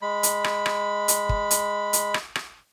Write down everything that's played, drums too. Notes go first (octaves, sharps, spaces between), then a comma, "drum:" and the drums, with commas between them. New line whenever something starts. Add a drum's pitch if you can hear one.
G#3 B5
drum: hi-hat
drum: rim click
drum: rim click
drum: hi-hat
drum: kick
drum: hi-hat
drum: hi-hat
drum: rim click
drum: rim click